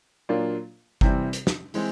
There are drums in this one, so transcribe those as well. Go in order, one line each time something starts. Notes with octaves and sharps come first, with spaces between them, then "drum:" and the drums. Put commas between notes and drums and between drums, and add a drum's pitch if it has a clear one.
A#2 F#3 A#3 D4 F4
C3 E3 G3 C4, drum: kick G1
drum: hi-hat
drum: snare
E3 G#3 C4, drum: open hi-hat